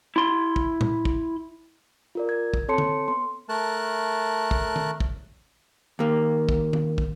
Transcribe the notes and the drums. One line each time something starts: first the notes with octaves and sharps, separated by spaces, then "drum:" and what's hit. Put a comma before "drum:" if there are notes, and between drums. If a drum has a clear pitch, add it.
E4 C6
drum: kick
drum: tom A2
drum: kick
F4 A#4 D5
G#6
drum: kick
C4 A4 C#5 A5 C6 C#7
drum: tom
B3 C6
A3 A#4 A5 F#6
drum: kick
drum: tom
drum: kick
D#2 A#3
drum: kick
drum: tom
drum: kick